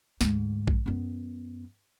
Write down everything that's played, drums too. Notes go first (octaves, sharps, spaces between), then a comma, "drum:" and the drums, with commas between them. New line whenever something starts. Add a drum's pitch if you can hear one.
D2 G#2, drum: snare
drum: kick A#1
F#2 B3